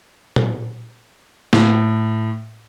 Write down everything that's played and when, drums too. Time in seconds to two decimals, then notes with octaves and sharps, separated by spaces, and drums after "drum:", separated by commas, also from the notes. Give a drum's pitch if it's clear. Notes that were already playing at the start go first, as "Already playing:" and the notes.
0.36 drum: tom A#2
1.53 A2, drum: snare